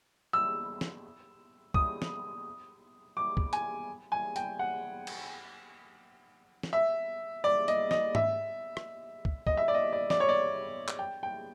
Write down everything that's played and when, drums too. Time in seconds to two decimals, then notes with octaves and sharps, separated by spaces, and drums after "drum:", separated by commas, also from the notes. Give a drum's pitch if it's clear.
0.33 E6
0.81 drum: snare
1.74 D#6, drum: kick
2.02 drum: snare
3.17 D6
3.37 drum: kick
3.53 G#5, drum: hi-hat
4.12 G#5
4.36 G5, drum: hi-hat
4.59 F#5
5.07 drum: cymbal
6.63 drum: snare
6.73 E5
7.44 D5
7.68 D#5, drum: hi-hat
7.91 D#5, drum: snare
8.15 E5, drum: tom G#2
8.77 drum: rim click
9.25 drum: kick
9.47 D#5, drum: kick
9.57 E5
9.68 D5
9.75 D#5
9.93 D5
10.10 D5, drum: snare
10.20 C#5
10.29 D5
10.88 drum: clap
10.99 G5
11.23 G5